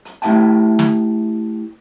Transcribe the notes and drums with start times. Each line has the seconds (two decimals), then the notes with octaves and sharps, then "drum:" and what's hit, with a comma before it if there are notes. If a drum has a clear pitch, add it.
0.05 drum: hi-hat
0.22 A3 E4 G4 E5 G5 A5, drum: hi-hat
0.79 drum: snare